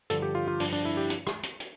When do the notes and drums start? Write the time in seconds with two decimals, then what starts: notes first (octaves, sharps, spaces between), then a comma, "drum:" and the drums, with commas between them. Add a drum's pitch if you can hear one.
0.10 G2 D3 F3 A4, drum: hi-hat
0.22 G4
0.35 F4
0.48 F4
0.60 G2 F3 D4, drum: open hi-hat
0.73 D4
0.85 E4
0.97 G4
1.10 drum: hi-hat
1.27 drum: rim click
1.43 drum: hi-hat
1.60 drum: hi-hat